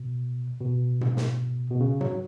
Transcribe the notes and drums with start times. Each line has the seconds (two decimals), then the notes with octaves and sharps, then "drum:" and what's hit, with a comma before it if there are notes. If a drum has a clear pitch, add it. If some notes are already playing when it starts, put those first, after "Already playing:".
Already playing: B2
0.60 B2
1.01 drum: tom G#2
1.17 drum: snare
1.70 B2
1.80 C#3
2.01 F#3, drum: tom G#2